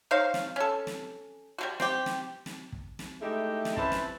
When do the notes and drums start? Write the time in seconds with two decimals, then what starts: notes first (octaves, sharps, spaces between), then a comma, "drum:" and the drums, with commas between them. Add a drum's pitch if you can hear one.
0.11 D#4 C5 C#5 F5
0.34 drum: snare
0.56 C#4 A4
0.87 drum: snare
1.58 G3 G#3 F#4
1.80 C4 G4, drum: snare
2.06 drum: snare
2.46 drum: snare
2.72 drum: kick
2.99 drum: snare
3.21 G#3 A3 D#4 E4 G4
3.65 drum: snare
3.77 C#4 E4 B4 C5 E5 A5, drum: kick
3.92 drum: snare